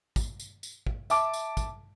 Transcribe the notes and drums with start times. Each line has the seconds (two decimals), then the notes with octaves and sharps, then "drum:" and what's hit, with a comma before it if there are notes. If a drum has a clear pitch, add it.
0.16 drum: kick, tambourine
0.40 drum: tambourine
0.63 drum: tambourine
0.86 drum: kick
1.10 E5 A5 D6, drum: tambourine
1.33 drum: tambourine
1.57 drum: kick, tambourine